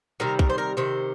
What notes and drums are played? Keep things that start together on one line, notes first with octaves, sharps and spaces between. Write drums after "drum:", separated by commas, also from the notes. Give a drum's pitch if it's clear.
C3 D#3 G3 A#4
A#4, drum: kick
C5
A#4
C3 D#3 C5